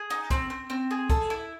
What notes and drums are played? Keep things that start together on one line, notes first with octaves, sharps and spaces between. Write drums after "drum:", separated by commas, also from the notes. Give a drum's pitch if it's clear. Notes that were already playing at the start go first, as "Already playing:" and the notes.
Already playing: G#4
D#4
C4, drum: kick, hi-hat
C4
C4
G#4
A4, drum: kick, hi-hat
E4